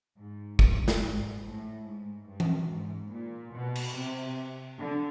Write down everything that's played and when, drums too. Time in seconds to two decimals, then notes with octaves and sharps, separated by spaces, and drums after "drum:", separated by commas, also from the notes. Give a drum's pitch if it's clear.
0.17 G#2
0.59 G2, drum: kick
0.88 drum: snare
1.01 G#2
1.43 A2
1.84 G#2
2.26 G2
2.40 drum: tom E3
2.68 G#2
3.10 A#2
3.52 B2
3.75 drum: cymbal
3.95 C3
4.78 D3